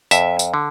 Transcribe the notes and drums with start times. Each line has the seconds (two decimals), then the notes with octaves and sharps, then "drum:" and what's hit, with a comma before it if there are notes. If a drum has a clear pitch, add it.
0.11 F2 E5, drum: tambourine
0.39 drum: tambourine
0.54 D3